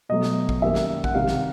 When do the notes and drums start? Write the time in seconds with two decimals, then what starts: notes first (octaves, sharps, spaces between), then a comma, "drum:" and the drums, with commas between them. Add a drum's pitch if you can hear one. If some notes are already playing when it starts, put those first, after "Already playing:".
0.09 B2 F#3 A3 D#5
0.23 drum: snare
0.49 drum: kick A1
0.61 F#2 D#3 G3 A#3 E5
0.75 drum: snare
1.04 F#5, drum: kick A1
1.14 C3 D#3 G3 F5
1.28 drum: snare